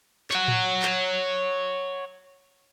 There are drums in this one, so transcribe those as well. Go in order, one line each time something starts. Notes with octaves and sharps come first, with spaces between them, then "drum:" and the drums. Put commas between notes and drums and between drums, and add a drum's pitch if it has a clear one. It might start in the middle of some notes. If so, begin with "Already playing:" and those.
C#5 F#5, drum: clap
drum: tom A2
drum: clap